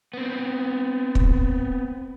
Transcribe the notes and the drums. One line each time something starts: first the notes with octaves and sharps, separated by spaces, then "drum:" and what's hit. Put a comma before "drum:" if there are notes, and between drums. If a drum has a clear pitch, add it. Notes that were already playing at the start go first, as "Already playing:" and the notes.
B3 C4
drum: kick